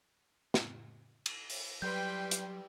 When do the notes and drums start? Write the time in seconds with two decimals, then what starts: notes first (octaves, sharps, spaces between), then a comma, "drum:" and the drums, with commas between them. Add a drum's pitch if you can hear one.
0.54 drum: snare
1.26 drum: cymbal
1.50 drum: open hi-hat
1.82 F#3 G3 B4 G5 C6 G6
2.31 drum: hi-hat